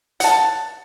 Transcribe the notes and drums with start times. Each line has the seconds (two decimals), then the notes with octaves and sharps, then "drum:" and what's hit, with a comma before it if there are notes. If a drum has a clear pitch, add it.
0.20 F#5 A5, drum: hi-hat